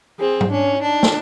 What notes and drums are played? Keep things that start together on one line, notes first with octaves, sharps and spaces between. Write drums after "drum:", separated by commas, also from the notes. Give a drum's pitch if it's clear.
C4 G#4
drum: tom
C#4 D4
D4 D#4
drum: snare